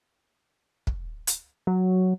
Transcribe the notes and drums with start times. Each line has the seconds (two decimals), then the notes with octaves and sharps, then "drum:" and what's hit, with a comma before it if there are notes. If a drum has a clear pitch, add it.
0.87 drum: kick
1.27 drum: hi-hat
1.67 F#3